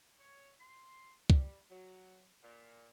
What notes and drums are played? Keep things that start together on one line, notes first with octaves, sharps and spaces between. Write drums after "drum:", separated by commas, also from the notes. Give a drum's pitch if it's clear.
C#5
C6
G3, drum: kick
F#3
A#2